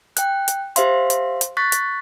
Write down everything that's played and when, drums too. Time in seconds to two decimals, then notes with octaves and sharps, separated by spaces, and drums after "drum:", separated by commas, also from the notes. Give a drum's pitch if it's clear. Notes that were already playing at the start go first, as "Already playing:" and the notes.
0.17 G5 F#6, drum: hi-hat
0.48 drum: hi-hat
0.76 G4 C5 E5 F5 C6, drum: hi-hat
1.10 drum: hi-hat
1.41 drum: hi-hat
1.57 C#6 F#6 A6 B6
1.72 drum: hi-hat